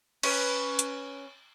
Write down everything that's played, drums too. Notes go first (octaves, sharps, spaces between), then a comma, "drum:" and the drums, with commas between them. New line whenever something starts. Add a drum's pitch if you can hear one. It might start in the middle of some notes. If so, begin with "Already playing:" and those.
C#4 B4, drum: cymbal
drum: hi-hat